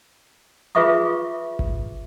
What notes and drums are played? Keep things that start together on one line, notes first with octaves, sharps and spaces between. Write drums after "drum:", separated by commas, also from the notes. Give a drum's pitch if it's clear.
F4 G#4 B4 E5 C#6 D#6
drum: kick G#1